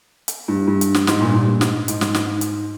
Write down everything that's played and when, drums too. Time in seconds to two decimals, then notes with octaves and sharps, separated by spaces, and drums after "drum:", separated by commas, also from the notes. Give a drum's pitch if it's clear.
0.28 drum: hi-hat
0.48 G2
0.68 G2
0.81 drum: hi-hat
0.95 drum: snare
1.07 G#2, drum: snare
1.21 G2 A#2
1.35 G2 A#2
1.47 G2
1.61 G#2, drum: snare
1.88 G#2, drum: hi-hat
2.01 drum: snare
2.15 drum: snare
2.41 drum: hi-hat